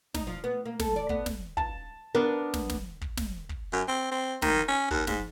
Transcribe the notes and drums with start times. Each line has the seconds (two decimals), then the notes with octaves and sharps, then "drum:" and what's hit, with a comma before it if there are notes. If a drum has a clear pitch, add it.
0.14 D#4, drum: snare
0.27 F3
0.44 B3
0.65 A#3
0.80 A4, drum: snare
0.96 D5
1.09 B3, drum: kick
1.26 drum: snare
1.57 A5, drum: kick
2.15 B3 D4 A#4
2.54 drum: snare
2.70 drum: snare
3.01 drum: kick
3.17 drum: snare
3.49 drum: kick
3.73 F#2
3.88 C4
4.12 C4
4.42 D#3, drum: snare
4.69 C#4
4.91 D#2, drum: kick
5.07 G#2, drum: snare